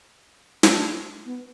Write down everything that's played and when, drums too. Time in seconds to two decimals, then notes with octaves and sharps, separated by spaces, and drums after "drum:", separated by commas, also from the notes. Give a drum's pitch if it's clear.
0.63 D4, drum: snare
1.25 B3